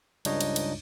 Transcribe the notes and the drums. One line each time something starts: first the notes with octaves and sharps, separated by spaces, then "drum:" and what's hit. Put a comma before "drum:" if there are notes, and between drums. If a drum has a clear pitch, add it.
C#2 G2 D4 D#4 C#5 D#5, drum: cymbal
drum: cymbal
drum: cymbal